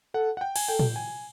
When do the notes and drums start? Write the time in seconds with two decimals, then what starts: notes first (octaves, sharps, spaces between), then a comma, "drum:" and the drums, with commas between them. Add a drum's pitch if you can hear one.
0.14 A4 F#5
0.37 F#5
0.41 G5
0.56 G#5, drum: cymbal
0.68 A4 G5
0.79 drum: tom
0.96 G#5